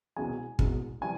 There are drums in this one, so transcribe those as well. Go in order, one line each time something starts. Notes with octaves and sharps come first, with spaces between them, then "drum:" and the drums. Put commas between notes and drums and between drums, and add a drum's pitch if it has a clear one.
C2 B2 G#3 G#5
C2 B2 G#3, drum: kick
C3 E3 G3 G#5